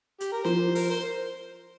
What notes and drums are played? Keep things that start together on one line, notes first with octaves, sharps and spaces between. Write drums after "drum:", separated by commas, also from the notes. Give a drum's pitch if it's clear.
G4, drum: hi-hat
A#4
F3 C5, drum: snare C4
A#4, drum: open hi-hat
C5